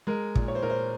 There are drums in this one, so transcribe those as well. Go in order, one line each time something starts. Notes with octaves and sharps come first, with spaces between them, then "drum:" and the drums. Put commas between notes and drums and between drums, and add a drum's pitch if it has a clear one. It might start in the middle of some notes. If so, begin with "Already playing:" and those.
G#3 A#4
A#2, drum: kick
C#5
C5
A#2 A#4
C5